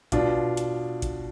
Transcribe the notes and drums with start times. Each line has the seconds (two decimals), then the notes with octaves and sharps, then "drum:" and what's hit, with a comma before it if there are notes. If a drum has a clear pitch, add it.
0.12 B2 D4 F4, drum: kick A1, hi-hat
0.57 drum: hi-hat
1.02 drum: kick A1, hi-hat